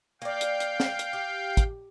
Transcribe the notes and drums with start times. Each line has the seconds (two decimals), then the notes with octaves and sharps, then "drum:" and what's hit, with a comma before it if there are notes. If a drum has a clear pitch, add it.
0.22 A#3 D5 F5 G5
0.41 drum: hi-hat
0.60 drum: hi-hat
0.80 drum: snare
0.99 drum: hi-hat
1.13 G4
1.57 drum: kick, hi-hat